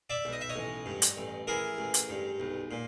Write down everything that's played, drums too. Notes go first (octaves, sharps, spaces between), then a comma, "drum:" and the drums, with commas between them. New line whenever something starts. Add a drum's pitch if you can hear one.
D5 E5
B1
D#5
E5
C#5 D#5
A1
G2
drum: hi-hat
A1
E3 G#4 A#4
A1
drum: hi-hat
G2
B1
A#2